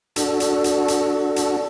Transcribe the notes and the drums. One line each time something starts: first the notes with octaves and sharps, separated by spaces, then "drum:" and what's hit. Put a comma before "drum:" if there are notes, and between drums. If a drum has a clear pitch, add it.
D4 F#4 A4, drum: hi-hat
drum: hi-hat
drum: hi-hat
drum: hi-hat
drum: hi-hat